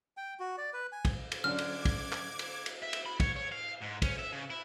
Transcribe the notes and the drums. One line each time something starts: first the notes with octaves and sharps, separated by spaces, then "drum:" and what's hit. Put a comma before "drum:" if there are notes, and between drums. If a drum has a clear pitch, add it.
G5
F#4
D5
B4
G#5
drum: kick, cymbal
drum: cymbal
D3 F#3 C#4 D4 D6 F6 G#6
drum: cymbal
drum: kick, cymbal
drum: clap
drum: cymbal
drum: cymbal
E5
drum: cymbal
B5
C#5, drum: kick, cymbal
C#5
F5
G#2
C#4, drum: kick, cymbal
E5
C#3
E4